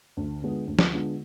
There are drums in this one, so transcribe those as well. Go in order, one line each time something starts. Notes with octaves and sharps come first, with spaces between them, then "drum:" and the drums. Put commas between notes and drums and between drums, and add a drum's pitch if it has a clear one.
D2
D3 G#3 B3 F4
D2
drum: snare
D3 G#3 B3 F4